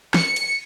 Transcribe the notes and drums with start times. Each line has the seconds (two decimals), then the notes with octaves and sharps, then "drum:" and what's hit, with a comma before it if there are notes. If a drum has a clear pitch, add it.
0.14 C#7, drum: snare
0.36 drum: cymbal